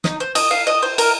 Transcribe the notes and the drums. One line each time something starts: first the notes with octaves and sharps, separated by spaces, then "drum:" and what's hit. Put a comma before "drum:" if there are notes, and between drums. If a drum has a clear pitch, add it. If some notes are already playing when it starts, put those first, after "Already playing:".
D#4, drum: snare
C5
D#5, drum: cymbal
F5
D#5
C5
A#4, drum: cymbal